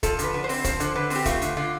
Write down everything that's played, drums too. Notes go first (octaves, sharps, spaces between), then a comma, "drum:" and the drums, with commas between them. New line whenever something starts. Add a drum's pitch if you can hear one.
F3 A4, drum: kick, hi-hat
D3, drum: hi-hat
B4
D3
C5
C4, drum: open hi-hat
F3 C5, drum: kick, hi-hat
D3, drum: hi-hat
D3 B4
C4, drum: open hi-hat
G4
A3 F4, drum: kick, hi-hat
D3, drum: hi-hat
D3 F4